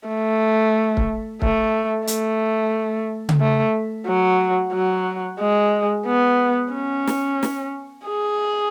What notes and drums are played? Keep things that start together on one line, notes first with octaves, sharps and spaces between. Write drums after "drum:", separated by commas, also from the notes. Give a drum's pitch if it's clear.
A3
drum: kick
A3, drum: kick
A3, drum: hi-hat
drum: tom C#3
A3
F#3
F#3
G#3
B3
C#4
drum: snare
drum: snare
G#4